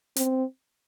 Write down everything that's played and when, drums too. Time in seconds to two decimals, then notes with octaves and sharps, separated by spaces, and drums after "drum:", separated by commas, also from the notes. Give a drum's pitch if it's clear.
0.16 C4, drum: hi-hat